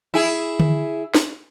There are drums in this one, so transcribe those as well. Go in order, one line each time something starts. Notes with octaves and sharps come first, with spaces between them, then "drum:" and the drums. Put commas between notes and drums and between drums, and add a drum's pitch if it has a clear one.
E4 G#4
drum: tom D3
drum: snare